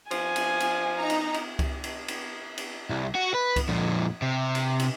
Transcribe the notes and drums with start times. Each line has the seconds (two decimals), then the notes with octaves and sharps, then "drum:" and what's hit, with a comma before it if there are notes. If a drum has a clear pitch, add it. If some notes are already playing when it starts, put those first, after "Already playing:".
0.11 F3 G#5, drum: cymbal
0.36 drum: cymbal
0.60 drum: cymbal
0.98 D#4 A#5
1.10 drum: cymbal
1.34 drum: cymbal
1.59 drum: kick C#2, cymbal
1.84 drum: cymbal
2.08 drum: cymbal
2.58 drum: cymbal
2.90 C2
3.15 F#4
3.35 B4
3.56 drum: kick C#2, cymbal
3.69 F2 A#2
4.22 C3
4.55 drum: cymbal
4.79 drum: cymbal